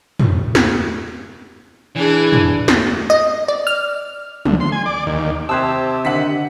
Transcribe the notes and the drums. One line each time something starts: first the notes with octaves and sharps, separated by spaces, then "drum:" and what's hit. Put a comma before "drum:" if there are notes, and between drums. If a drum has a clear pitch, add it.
drum: tom
drum: snare
E3 D4 G#4
drum: tom
drum: snare
D#5
D5
F6
D2, drum: tom
C6
G#5
D5
D#2
C3 G4 C5 A5 D#6 E6 F#6 G#6
D3 D#3 F#5 B6